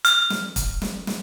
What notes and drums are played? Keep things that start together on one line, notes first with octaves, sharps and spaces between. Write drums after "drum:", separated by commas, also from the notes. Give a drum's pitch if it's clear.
F6, drum: hi-hat
drum: snare
drum: kick, hi-hat
drum: snare
drum: snare